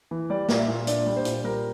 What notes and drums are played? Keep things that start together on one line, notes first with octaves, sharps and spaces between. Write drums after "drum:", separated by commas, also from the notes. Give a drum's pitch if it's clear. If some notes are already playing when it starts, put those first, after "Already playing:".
E3
G3 D5
A#2, drum: snare
D5
E5
A#2
D4 D5, drum: hi-hat
G3
C5
A#2, drum: hi-hat
G3 A#4